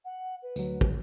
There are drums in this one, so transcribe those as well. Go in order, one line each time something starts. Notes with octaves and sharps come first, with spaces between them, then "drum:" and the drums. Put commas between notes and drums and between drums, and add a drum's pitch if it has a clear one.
F#5
B4
D2 F#3, drum: tambourine
drum: kick